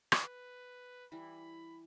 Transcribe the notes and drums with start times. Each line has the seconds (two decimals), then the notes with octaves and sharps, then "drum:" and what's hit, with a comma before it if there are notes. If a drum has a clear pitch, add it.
0.12 drum: rim click
0.22 B4
1.12 E3 G3 E4 B5